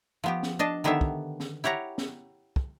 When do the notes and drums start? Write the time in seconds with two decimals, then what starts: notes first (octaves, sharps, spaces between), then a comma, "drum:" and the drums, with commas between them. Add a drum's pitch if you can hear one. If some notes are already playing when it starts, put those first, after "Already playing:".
0.24 F3 B3 G4
0.43 drum: snare
0.59 D4 D#5 A5
0.84 D3 D#3 B3 G4 C#5 E5
1.01 drum: kick
1.40 drum: snare
1.64 E4 G4 C#5 F#5 A#5
1.98 drum: snare
2.56 drum: kick